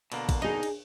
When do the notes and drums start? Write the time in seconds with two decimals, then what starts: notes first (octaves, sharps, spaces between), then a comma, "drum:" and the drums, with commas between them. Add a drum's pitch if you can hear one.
0.12 B2 D3 A#3, drum: cymbal
0.29 drum: kick, cymbal
0.42 D4 D#4 G#4
0.63 drum: cymbal